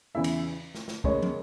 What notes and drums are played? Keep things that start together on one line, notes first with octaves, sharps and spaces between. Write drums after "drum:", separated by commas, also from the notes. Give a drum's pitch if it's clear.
E2 C#3 E3 E4 E5
drum: cymbal
drum: snare
drum: snare
D#2 C#3 G#3 C#4 C#5, drum: kick C#2
drum: tom